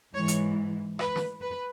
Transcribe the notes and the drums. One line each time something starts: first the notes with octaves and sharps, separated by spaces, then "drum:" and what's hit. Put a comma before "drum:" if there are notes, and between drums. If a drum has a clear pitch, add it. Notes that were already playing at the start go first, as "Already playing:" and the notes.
G#2 E3 C#5
drum: hi-hat
B4, drum: rim click
drum: snare
B4